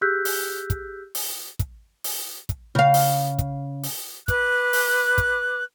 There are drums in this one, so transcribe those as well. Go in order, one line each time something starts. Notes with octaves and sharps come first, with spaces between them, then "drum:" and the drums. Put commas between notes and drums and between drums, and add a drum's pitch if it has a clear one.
G4 G#4 E6 F#6 G6 B6
drum: open hi-hat
drum: kick, hi-hat
drum: open hi-hat
drum: kick, hi-hat
drum: open hi-hat
drum: kick, hi-hat
C#3 F5
drum: open hi-hat
drum: kick, hi-hat
drum: open hi-hat
B4 D6 F#6, drum: kick, hi-hat
drum: open hi-hat
drum: kick, hi-hat